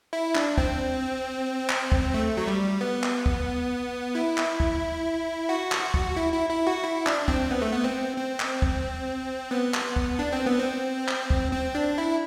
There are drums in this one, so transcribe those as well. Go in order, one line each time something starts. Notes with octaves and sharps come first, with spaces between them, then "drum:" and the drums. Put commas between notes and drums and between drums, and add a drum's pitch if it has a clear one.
E4
D4, drum: clap
C4, drum: kick
drum: clap
drum: kick
A3
F#3
G3
B3
drum: clap
drum: kick
E4
drum: clap
drum: kick
F#4
drum: clap
drum: kick
E4
E4
E4
F#4
E4
D4, drum: clap
C4, drum: kick
B3
A3
B3
C4
C4
drum: clap
drum: kick
B3
drum: clap
drum: kick
D4
C4
B3
C4
drum: clap
drum: kick
C4
D4
E4